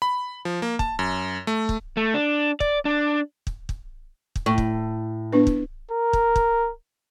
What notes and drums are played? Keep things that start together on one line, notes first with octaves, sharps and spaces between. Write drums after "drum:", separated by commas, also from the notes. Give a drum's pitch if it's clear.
B5
F3
A#3
A5, drum: kick
F#2
A3
drum: kick
A3
D4
D5, drum: kick
D4
drum: kick
drum: kick
drum: kick
A2 C#6
drum: kick
B3 D4 B4
drum: kick
A#4
drum: kick
drum: kick